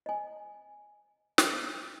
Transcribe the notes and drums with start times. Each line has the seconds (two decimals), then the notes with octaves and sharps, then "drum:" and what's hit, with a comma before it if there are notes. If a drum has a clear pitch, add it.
0.06 D#5 G#5
1.38 drum: snare